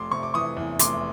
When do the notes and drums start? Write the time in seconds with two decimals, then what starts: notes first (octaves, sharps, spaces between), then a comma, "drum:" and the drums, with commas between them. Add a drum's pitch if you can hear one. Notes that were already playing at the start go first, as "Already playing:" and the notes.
Already playing: F1 C6 D6
0.11 C3 C#6
0.23 D6
0.34 E3 C#6 D#6
0.57 E2
0.79 F1 C6 D6, drum: hi-hat